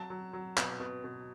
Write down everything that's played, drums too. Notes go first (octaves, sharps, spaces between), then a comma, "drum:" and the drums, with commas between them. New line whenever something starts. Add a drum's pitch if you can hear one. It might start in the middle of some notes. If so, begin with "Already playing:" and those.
Already playing: F#3 A5
F#3
F#3
B2, drum: clap
B2
B2